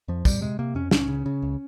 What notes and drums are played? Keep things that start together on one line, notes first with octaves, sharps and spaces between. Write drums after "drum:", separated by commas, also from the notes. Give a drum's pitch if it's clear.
F2 F3
F2 G3, drum: kick, tambourine
C3 G#3
C3 A#3
F2 C#4
C#2 C#4, drum: snare
C#3
C#3
C#2